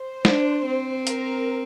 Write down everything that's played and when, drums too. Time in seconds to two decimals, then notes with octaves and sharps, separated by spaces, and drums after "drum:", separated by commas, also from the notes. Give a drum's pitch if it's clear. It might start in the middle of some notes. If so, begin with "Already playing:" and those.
Already playing: C5
0.25 D4, drum: snare
0.66 C4
1.07 A#4, drum: hi-hat